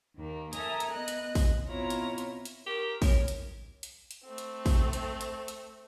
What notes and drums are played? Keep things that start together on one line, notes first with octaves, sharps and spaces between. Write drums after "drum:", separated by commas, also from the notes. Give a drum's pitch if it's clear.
D#2 D#3 A#3
A4 A#4 E5 G#5 A#5 D#6, drum: hi-hat
drum: hi-hat
B3 D#5 F#6
drum: hi-hat
drum: kick, open hi-hat
B2 C4 E4 F4 C#5 A#5
drum: hi-hat
drum: hi-hat
drum: hi-hat
G4 A#4
A#4 C#5, drum: kick, open hi-hat
drum: hi-hat
drum: hi-hat
drum: hi-hat
A3 C4
drum: hi-hat
drum: kick, open hi-hat
drum: hi-hat
drum: hi-hat
drum: hi-hat